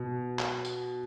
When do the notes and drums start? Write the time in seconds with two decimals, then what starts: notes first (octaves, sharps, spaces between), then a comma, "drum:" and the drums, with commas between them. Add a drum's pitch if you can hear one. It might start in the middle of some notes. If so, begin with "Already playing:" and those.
Already playing: B2
0.39 drum: clap
0.65 drum: tambourine